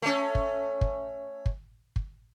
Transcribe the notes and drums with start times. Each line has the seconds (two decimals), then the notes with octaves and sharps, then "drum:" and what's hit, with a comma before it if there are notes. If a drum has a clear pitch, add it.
0.02 A3 C#4
0.35 drum: kick
0.81 drum: kick
1.46 drum: kick
1.96 drum: kick